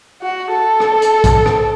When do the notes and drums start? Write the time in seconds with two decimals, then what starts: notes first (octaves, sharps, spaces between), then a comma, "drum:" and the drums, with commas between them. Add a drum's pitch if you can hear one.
0.22 F#4
0.51 A4
0.80 drum: rim click
1.02 drum: hi-hat
1.24 drum: kick, hi-hat
1.46 drum: rim click